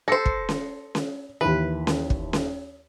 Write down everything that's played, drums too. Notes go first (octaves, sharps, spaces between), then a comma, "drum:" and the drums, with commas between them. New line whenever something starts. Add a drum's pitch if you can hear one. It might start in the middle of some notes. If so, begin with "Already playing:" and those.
A4 C5 A#6 C#7
drum: kick
drum: snare C#4
drum: snare C#4
D#2 E3 B4
drum: snare C#4
drum: kick
drum: snare C#4